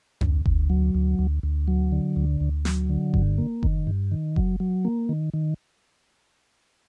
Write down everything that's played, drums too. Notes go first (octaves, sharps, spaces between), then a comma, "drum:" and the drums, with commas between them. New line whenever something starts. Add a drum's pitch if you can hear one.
D2, drum: tom F2
D2, drum: kick F#1
F#3
D2
D2
D2
F#3
D3
D2
D2
F#3, drum: snare
D3
G2, drum: kick F#1
A#3
D#3, drum: kick F#1
G2
D#3
F#3, drum: kick F#1
F#3
A#3
D#3
D#3